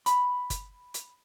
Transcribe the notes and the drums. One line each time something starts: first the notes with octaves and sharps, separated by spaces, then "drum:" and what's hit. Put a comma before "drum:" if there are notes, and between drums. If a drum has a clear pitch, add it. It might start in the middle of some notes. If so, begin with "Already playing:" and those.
B5, drum: hi-hat
drum: kick G1, hi-hat
drum: hi-hat